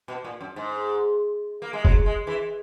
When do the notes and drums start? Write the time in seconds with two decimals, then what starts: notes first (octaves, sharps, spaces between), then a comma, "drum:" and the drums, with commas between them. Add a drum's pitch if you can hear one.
0.08 B2
0.24 A#2
0.41 F#2
0.56 G#2
1.62 A#3
1.73 G#3
1.85 F#3, drum: kick
2.06 G#3
2.27 E3